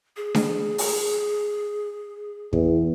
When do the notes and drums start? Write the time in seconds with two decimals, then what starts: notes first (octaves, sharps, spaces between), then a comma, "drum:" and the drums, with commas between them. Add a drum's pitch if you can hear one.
0.17 G#4
0.35 drum: snare D4
0.78 drum: open hi-hat
2.53 E2, drum: kick